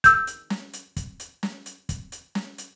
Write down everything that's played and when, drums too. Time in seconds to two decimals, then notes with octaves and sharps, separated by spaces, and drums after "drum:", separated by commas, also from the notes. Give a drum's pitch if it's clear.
0.04 E6 G6, drum: kick, hi-hat
0.27 drum: hi-hat
0.50 drum: snare
0.73 drum: hi-hat
0.97 drum: kick, hi-hat
1.20 drum: hi-hat
1.43 drum: snare
1.66 drum: hi-hat
1.89 drum: kick, hi-hat
2.12 drum: hi-hat
2.35 drum: snare
2.58 drum: hi-hat